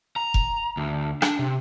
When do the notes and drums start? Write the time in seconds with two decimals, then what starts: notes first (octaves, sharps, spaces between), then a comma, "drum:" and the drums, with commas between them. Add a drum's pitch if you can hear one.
0.16 A#5
0.34 drum: kick F1
0.77 D2
1.22 D4, drum: rim click
1.39 C3